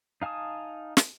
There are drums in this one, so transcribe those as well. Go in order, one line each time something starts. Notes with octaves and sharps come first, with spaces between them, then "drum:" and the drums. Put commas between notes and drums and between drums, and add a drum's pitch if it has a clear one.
D#4 F5 G#5 A5 D#6
drum: snare